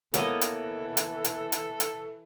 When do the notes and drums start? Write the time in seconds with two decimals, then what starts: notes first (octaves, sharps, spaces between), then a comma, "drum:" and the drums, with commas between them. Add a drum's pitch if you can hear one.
0.14 E3 A#3 B3 A4 A#4 C#5 D#5 F#5, drum: hi-hat
0.41 drum: hi-hat
0.97 drum: hi-hat
1.24 drum: hi-hat
1.52 drum: hi-hat
1.80 drum: hi-hat